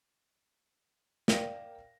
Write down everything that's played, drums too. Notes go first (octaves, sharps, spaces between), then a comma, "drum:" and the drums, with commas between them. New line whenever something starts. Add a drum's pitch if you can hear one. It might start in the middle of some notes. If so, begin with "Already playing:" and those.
A#4 D5 F5 G5 A#6, drum: snare